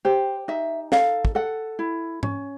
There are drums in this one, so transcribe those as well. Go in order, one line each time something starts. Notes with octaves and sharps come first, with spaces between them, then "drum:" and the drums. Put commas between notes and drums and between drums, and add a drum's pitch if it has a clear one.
G4 C5
D#4 E5
A4 F5, drum: snare
drum: kick
A4 F#5
E4
C#4, drum: tom G#2